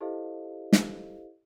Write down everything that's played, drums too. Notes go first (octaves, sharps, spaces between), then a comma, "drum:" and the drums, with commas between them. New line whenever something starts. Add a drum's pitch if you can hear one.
E4 G4 A4 C5 D#5 F5
drum: snare